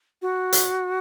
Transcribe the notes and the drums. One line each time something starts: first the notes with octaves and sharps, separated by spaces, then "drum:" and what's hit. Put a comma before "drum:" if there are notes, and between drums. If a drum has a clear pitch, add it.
F#4
drum: hi-hat